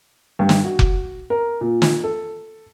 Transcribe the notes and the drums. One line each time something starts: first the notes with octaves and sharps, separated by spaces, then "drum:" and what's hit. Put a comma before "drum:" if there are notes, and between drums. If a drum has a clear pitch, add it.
G2
drum: snare
F#4
drum: kick F1
A#4
A#2
drum: snare
A4